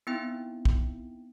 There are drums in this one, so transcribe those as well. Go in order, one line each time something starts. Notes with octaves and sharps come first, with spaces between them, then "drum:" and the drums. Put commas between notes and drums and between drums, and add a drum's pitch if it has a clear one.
B3 C4 D#4 E4 G5
drum: kick